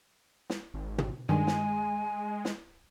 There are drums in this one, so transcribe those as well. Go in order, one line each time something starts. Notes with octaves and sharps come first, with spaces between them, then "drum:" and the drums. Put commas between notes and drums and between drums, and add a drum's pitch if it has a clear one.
drum: snare
G#1
drum: tom
G2 D#3 G#3 G#5
drum: snare
drum: snare